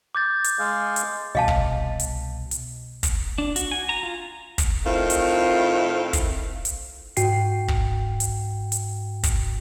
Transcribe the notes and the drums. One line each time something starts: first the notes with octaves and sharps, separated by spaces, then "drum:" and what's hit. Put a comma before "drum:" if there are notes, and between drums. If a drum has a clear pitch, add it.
D6 G6 A6
drum: hi-hat
G#3 G#4 F5
drum: hi-hat
C2 B2 D#5 F5 A5
drum: kick
drum: hi-hat
drum: hi-hat
drum: kick, hi-hat
D4
F#4, drum: hi-hat
G#5
A#5
F4
drum: kick, hi-hat
A2 D#3 A3 C4 F4
drum: hi-hat
drum: kick, hi-hat
drum: hi-hat
G#2 F#4 G5 C7, drum: hi-hat
drum: kick
drum: hi-hat
drum: hi-hat
drum: kick, hi-hat